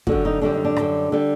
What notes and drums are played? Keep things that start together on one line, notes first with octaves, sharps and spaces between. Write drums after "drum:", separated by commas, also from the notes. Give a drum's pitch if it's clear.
F#2 D3 G3 F#4, drum: kick
D#4
F#2 D3 G3 D4
D#4
D4
F#2 D3 G3, drum: rim click
D3 G3